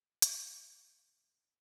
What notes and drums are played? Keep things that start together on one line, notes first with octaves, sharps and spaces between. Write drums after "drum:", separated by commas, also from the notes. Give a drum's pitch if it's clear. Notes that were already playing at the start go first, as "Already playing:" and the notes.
F#2 A#2 D3, drum: hi-hat